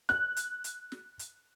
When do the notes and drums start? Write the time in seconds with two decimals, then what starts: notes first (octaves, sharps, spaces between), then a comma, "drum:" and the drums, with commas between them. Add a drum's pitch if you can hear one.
0.09 F#6, drum: snare
0.37 drum: hi-hat
0.64 drum: hi-hat
0.92 drum: snare
1.19 drum: hi-hat